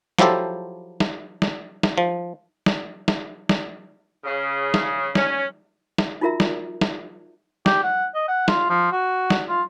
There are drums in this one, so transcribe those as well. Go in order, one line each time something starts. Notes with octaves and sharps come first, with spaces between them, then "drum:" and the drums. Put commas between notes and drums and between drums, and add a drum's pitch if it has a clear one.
F3 F#3 E4 G4 A4 C5, drum: snare
drum: snare
drum: snare
drum: snare
F3
drum: snare
drum: snare
drum: snare
C#3
drum: snare
C#4, drum: snare
drum: snare
D#4 F4 F#4 A#4 E5 A#5
drum: snare
drum: snare
G4, drum: snare
F#5
D#5
F#5
F4, drum: snare
F3
F#4
drum: snare
F4